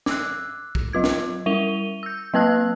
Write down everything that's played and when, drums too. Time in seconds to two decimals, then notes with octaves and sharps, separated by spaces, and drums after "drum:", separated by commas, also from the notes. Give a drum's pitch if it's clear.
0.06 D6 E6 F#6, drum: snare
0.75 drum: kick
0.93 F#3 F4 G#6
1.04 drum: snare
1.46 G3 E4 D#7 F7 G7
2.03 E6 G6
2.34 F#3 A#3 B4 A5 E6 F#6